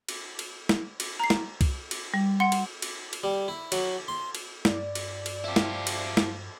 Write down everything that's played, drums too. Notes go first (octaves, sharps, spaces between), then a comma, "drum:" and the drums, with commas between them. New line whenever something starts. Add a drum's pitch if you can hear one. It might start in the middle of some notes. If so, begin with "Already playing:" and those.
drum: cymbal
drum: cymbal
drum: snare
drum: cymbal
A#5 C7
drum: snare
drum: kick C2, cymbal
drum: cymbal
G3
F#5 C6 C#7
drum: cymbal
drum: cymbal
drum: cymbal
G3
E4
F#3, drum: cymbal
C6
drum: cymbal
G2 D5, drum: snare
drum: cymbal
drum: cymbal
F3 E4 G4
drum: snare
drum: cymbal
drum: snare